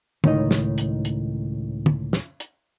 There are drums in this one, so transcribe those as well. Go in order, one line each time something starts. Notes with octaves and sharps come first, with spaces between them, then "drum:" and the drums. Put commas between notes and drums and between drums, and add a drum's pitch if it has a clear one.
C#2 A2 D#3 D#4 D#5, drum: tom
drum: snare
drum: hi-hat
drum: hi-hat
drum: tom
drum: snare
drum: hi-hat